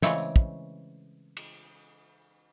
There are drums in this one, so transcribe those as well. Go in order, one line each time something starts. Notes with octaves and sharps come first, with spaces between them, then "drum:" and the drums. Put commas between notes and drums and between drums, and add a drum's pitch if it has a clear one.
C#3 E3 G#3 A3 C4 C#5, drum: snare
drum: tambourine
drum: kick
drum: cymbal